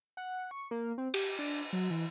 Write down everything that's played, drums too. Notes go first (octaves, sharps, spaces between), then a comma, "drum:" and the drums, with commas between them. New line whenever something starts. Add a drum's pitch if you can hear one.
F#5
C#6
A#3
C4
G4, drum: cymbal
D4
F#3
E3